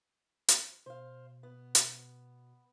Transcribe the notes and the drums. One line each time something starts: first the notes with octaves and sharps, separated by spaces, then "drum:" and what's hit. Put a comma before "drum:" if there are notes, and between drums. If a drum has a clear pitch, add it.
drum: hi-hat
B2 C5 F5
B3
drum: hi-hat